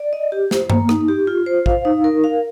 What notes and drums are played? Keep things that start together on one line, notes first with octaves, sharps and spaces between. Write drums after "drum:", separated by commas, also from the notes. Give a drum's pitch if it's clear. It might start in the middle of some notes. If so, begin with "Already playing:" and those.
Already playing: D5
D#5
G4
C5, drum: snare
A#3, drum: tom G2
D#4, drum: rim click
G4
F4
C5
F5, drum: kick
D#4
A#4
F5